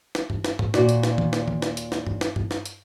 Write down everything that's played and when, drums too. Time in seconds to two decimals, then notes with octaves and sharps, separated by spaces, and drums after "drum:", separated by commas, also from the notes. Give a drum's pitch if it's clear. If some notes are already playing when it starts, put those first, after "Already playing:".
0.15 drum: snare
0.30 drum: tom G2
0.44 drum: snare
0.59 drum: tom G#2
0.74 D#2 A#2 F#4 D5, drum: snare
0.89 drum: hi-hat
1.03 drum: snare
1.18 drum: tom D#3
1.33 drum: snare
1.48 drum: tom D#3
1.62 drum: snare
1.77 drum: hi-hat
1.92 drum: snare
2.07 drum: tom G2
2.21 drum: snare
2.36 drum: tom G2
2.51 drum: snare
2.65 drum: hi-hat